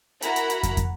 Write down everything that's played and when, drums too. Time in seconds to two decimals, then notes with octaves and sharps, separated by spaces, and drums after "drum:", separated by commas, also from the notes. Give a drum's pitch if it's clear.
0.22 E4 F#4 A#4 F#5 A#5 B5, drum: hi-hat
0.36 drum: hi-hat
0.50 drum: hi-hat
0.63 drum: kick, hi-hat
0.77 drum: kick, hi-hat